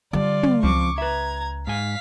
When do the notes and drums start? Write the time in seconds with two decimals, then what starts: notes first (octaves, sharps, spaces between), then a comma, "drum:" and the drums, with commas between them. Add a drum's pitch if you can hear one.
0.13 D3 G3 F4 D5
0.43 drum: tom
0.63 C#2 F3 C4 C#6 D6
0.98 B4 E5 A#5 G#6
1.67 G#2 F5 G#5 B6